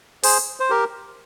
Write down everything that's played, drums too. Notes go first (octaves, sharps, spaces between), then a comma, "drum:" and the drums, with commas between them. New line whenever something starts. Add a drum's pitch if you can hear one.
G#4 C5, drum: open hi-hat
C5
G4 A#4